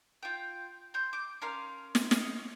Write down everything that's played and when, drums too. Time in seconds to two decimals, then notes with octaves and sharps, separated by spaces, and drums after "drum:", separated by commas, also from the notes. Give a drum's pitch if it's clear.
0.23 F4 G5
0.94 C6 G6
1.13 D6
1.42 C#4 A#4 F5 C6
1.95 drum: snare
2.11 C#5 D#5 F5, drum: snare